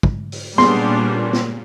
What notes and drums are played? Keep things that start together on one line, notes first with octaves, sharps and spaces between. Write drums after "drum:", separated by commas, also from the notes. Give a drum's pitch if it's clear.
drum: kick
drum: open hi-hat
A#2 G3 A#3 B3 C#4 D4 G#4 C6, drum: snare
drum: snare